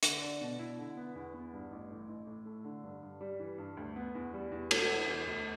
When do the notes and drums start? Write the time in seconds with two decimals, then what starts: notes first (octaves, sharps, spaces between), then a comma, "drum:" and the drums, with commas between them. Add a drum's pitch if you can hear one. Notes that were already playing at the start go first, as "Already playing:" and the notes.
0.03 D3, drum: hi-hat
0.22 D4
0.41 B2
0.59 E4
0.78 D3
0.97 B3
1.15 E2
1.34 B3
1.53 G2
1.71 A1
1.91 A2
2.09 A1
2.27 A2
2.45 A3
2.64 D3
2.83 G2
3.03 G2
3.21 G3
3.39 E3
3.58 G2
3.77 D2
3.96 B3
4.15 E2
4.33 G3
4.52 E2
4.71 E1, drum: cymbal
4.90 E3
5.07 E2
5.27 D2